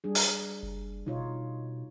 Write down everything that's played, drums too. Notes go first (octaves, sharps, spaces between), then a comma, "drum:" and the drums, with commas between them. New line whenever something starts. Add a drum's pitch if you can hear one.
G3 D4 G#4
drum: open hi-hat
F#1
B2 D#4 F4 C#5